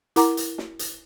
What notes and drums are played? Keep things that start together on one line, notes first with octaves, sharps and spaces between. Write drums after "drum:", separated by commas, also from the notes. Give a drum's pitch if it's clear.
E4 A#4 F#5 A#5 D6, drum: hi-hat
drum: hi-hat
drum: snare
drum: hi-hat